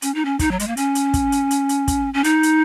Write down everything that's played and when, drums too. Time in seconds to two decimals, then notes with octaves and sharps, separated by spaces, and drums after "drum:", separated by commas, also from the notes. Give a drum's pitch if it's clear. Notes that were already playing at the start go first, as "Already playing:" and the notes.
0.02 C#4, drum: hi-hat
0.15 D#4
0.25 C#4
0.39 D#4, drum: kick, hi-hat
0.51 F#3
0.59 G#3, drum: hi-hat
0.67 A#3
0.77 C#4, drum: hi-hat
0.95 drum: hi-hat
1.14 drum: kick, hi-hat
1.32 drum: hi-hat
1.51 drum: hi-hat
1.69 drum: hi-hat
1.88 drum: kick, hi-hat
2.14 C#4
2.24 D#4, drum: hi-hat
2.43 drum: hi-hat